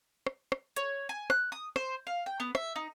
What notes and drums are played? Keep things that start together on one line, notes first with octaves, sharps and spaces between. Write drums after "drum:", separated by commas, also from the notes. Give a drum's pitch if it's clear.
drum: rim click
drum: rim click
C#5, drum: hi-hat
G#5
F#6, drum: rim click
D#6
C5, drum: rim click
F5
G5
B3
E5, drum: rim click
D#4